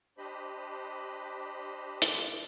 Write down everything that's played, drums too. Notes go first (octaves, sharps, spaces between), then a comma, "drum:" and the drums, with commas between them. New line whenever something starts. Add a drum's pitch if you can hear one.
D4 G4 C5 D#5 B5
drum: hi-hat